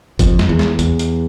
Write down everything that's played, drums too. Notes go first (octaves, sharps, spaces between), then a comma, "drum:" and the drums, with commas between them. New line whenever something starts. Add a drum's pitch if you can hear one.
F2, drum: kick, hi-hat
drum: snare
E2
drum: snare
E2, drum: hi-hat
drum: hi-hat